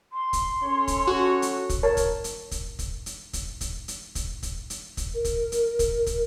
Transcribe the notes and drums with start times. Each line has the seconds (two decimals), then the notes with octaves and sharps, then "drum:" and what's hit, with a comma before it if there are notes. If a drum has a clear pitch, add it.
0.13 C6
0.33 drum: kick, hi-hat
0.63 C#4 A4 C#5
0.88 drum: kick, hi-hat
1.07 F#4
1.42 drum: hi-hat
1.70 drum: kick, hi-hat
1.83 A#4 C#5 A5
1.97 drum: kick, hi-hat
2.24 drum: hi-hat
2.51 drum: kick, hi-hat
2.79 drum: kick, hi-hat
3.06 drum: hi-hat
3.33 drum: kick, hi-hat
3.61 drum: kick, hi-hat
3.88 drum: hi-hat
4.15 drum: kick, hi-hat
4.43 drum: kick, hi-hat
4.70 drum: hi-hat
4.97 drum: kick, hi-hat
5.14 A#4
5.25 drum: kick, hi-hat
5.52 drum: hi-hat
5.79 drum: kick, hi-hat
6.07 drum: kick, hi-hat